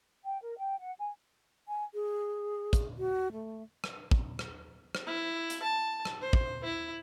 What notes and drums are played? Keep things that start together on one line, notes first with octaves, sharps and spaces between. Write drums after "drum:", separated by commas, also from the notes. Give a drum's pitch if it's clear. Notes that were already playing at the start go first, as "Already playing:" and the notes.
G5
A#4
G5
F#5
G#5
G#5
G#4
drum: kick, hi-hat
F#4
A3
drum: rim click
drum: kick
drum: rim click
drum: rim click
E4
drum: hi-hat
A5
drum: rim click
C5
drum: kick
E4